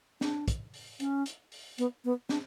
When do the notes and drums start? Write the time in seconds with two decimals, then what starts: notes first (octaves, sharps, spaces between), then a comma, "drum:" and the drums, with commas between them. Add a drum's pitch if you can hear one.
0.21 D4, drum: snare
0.48 drum: kick, hi-hat
0.74 drum: open hi-hat
1.00 C#4, drum: hi-hat
1.26 drum: hi-hat
1.52 drum: open hi-hat
1.78 B3, drum: hi-hat
2.05 B3
2.29 D4, drum: snare